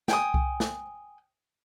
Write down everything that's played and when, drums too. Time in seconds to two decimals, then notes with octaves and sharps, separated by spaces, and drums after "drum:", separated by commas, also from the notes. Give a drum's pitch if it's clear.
0.08 G5 G#5 D#6, drum: snare
0.34 drum: kick C2
0.60 drum: snare